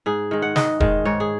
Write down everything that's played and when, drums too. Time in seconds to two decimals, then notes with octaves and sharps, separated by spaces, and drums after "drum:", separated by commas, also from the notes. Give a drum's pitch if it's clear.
0.06 G#2 G#4
0.31 D#3 G#3
0.42 F#5
0.56 G#2 D#5, drum: snare
0.80 D#3 G#3, drum: kick E1
1.05 G#2 C#5
1.20 G#4